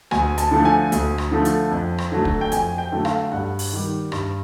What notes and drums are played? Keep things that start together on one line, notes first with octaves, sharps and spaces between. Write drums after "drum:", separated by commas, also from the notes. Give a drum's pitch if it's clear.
D2 G#5, drum: rim click
A5, drum: hi-hat
D3 F3 A3
G#5
D2, drum: hi-hat
drum: rim click
D3 F3 A3
drum: hi-hat
F2
drum: rim click
D3 F#3 A3
drum: kick
G5
F2 G#5, drum: hi-hat
G5
D3 F#3 A3
F5, drum: rim click
G2 F#5
drum: open hi-hat
D#3 G3
G2, drum: rim click